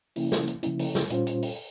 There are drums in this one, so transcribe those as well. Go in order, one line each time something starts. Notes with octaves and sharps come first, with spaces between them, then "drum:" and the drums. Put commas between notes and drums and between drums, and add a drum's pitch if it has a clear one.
C#3 F3 A#3 C#4 E4, drum: open hi-hat
drum: snare
drum: hi-hat
C#3 F3 A#3 C#4 E4, drum: hi-hat
drum: open hi-hat
drum: snare
A#2 G3 C#4 F4 C5, drum: hi-hat
drum: hi-hat
drum: open hi-hat